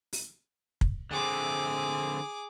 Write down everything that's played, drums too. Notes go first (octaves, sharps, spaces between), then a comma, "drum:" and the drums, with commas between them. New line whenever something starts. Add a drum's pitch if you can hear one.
drum: open hi-hat
drum: kick
D3 C4 G#4 D6